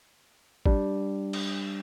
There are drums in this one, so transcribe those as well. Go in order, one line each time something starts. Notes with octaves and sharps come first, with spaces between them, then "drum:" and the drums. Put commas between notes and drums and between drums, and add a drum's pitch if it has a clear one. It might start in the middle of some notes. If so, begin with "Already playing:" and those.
G3 D4, drum: kick
drum: cymbal